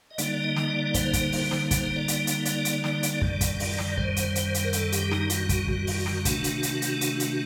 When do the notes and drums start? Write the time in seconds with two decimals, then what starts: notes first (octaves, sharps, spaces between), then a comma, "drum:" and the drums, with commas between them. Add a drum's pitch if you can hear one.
0.11 D#5
0.18 D3 G3 A#3 D#4 D5, drum: hi-hat
0.44 D#5
0.56 drum: snare
0.70 D5
0.94 C5, drum: kick, hi-hat
1.13 drum: kick, hi-hat
1.32 drum: open hi-hat
1.51 drum: snare
1.71 C5, drum: kick, hi-hat
1.96 D5
2.08 drum: hi-hat
2.27 drum: hi-hat
2.45 D5, drum: hi-hat
2.65 drum: hi-hat
2.84 drum: snare
3.03 drum: hi-hat
3.21 F#2 D#3 G3, drum: kick
3.41 drum: kick, hi-hat
3.60 drum: open hi-hat
3.79 drum: snare
3.97 C5, drum: kick
4.16 drum: hi-hat
4.35 drum: hi-hat
4.54 drum: hi-hat
4.64 A#4
4.73 A4, drum: hi-hat
4.92 G4, drum: hi-hat
5.11 D#4, drum: snare
5.30 F#4, drum: hi-hat
5.49 drum: kick, hi-hat
5.68 drum: kick
5.87 drum: open hi-hat
6.06 drum: snare
6.25 C3 D#3 A3 D4, drum: kick, hi-hat
6.44 drum: hi-hat
6.63 drum: hi-hat
6.82 drum: hi-hat
7.01 F#4, drum: hi-hat
7.20 drum: hi-hat